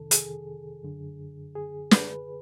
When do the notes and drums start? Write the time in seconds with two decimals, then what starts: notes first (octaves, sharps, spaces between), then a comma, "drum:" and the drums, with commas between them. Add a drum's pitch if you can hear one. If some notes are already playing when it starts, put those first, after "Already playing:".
Already playing: F2 C3 D#3 A4
0.11 G#4, drum: hi-hat
0.83 F#2 D3
1.56 G#4
1.91 B4, drum: snare